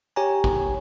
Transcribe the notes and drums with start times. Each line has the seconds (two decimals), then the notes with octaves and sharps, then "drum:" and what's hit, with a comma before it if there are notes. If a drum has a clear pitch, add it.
0.16 G4 C#5 G#5 A#5
0.44 drum: kick G#1